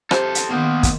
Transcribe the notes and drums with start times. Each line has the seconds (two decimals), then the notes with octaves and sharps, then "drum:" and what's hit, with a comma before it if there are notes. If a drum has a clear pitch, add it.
0.11 C3 A4 C5, drum: rim click
0.35 drum: hi-hat
0.51 D#3 A#3 B3 C5
0.83 drum: kick, hi-hat